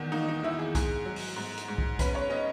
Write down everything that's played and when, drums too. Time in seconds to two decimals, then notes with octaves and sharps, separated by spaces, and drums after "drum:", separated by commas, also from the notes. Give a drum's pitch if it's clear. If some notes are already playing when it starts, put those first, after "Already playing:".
Already playing: E2 D#3 F#4
0.12 A#3 D#4
0.28 D#4
0.43 D#3 E4
0.59 G#4
0.75 G#2 G#4, drum: kick, hi-hat
1.05 F#3
1.16 drum: open hi-hat
1.36 G#2
1.58 drum: hi-hat
1.68 G#2
1.78 drum: kick
1.99 C#4 B4, drum: kick, hi-hat
2.15 C#5
2.30 C#4 D#5